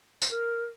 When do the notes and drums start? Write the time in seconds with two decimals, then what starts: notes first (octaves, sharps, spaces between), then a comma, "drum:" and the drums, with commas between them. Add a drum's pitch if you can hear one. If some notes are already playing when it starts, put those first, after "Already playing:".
0.22 C5, drum: tambourine
0.30 A#4